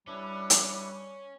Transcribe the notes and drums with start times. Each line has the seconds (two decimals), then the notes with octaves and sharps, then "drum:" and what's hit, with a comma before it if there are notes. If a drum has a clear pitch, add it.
0.07 G3 C#4 D4 E4 B4 D6
0.50 drum: hi-hat